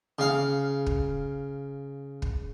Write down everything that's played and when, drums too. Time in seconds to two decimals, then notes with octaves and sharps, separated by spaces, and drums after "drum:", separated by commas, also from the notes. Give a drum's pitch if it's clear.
0.19 C#3 F5
0.86 drum: kick
2.22 drum: kick